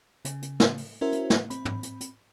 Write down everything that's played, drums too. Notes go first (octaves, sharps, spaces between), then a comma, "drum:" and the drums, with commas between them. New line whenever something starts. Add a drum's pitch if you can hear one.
C#3, drum: hi-hat
drum: hi-hat
drum: snare
drum: open hi-hat
C#4 E4 F#4 A#4 C5 E5
drum: hi-hat
drum: snare
C4 B5, drum: hi-hat
drum: tom
drum: hi-hat
drum: hi-hat